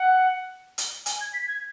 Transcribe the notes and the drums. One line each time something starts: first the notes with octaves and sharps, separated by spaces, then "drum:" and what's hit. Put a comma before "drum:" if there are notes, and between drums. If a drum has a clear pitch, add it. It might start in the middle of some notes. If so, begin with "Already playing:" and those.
Already playing: F#5
drum: hi-hat
G#5, drum: hi-hat
G#6
B6
G#6